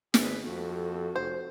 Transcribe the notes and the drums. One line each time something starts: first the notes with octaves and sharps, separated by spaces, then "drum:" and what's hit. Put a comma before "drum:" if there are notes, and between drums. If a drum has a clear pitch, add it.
G#1 G#4 B4, drum: snare
F2 F#4 A4
F1 C5